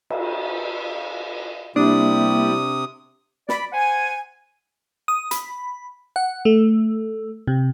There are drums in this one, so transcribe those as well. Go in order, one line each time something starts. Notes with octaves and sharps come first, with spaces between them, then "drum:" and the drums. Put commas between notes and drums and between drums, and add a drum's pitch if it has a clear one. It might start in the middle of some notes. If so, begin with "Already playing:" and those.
drum: cymbal
C3 G3 A#3 D4 E4 D#6
D5 B5, drum: snare
C5 F#5 G#5
D#6
B5, drum: hi-hat
F#5
A3
C3